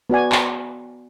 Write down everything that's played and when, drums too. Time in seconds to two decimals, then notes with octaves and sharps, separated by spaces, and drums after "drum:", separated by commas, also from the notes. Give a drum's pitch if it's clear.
0.10 B3 F#4 D5 G#5
0.32 drum: clap